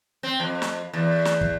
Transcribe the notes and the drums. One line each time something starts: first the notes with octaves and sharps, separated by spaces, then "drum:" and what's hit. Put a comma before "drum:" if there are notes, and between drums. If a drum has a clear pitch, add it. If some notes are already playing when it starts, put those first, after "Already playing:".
C4
F2
drum: snare
E2
drum: snare
drum: kick